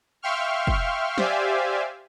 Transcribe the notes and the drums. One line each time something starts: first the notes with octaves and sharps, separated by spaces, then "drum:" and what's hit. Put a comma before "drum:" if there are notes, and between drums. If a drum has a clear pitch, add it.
E5 F5 G5 C6 C#6 F6
drum: kick
G4 C5 D5 E5 F5 G#5, drum: snare